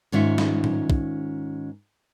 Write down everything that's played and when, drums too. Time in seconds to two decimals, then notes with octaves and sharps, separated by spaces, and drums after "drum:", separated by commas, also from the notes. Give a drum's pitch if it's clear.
0.12 G#2 D#3 C#4 F4 E5
0.38 drum: snare
0.64 drum: tom A2
0.90 drum: kick